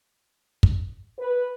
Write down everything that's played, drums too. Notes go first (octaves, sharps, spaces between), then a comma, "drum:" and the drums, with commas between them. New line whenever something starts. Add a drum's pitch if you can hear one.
drum: kick
B4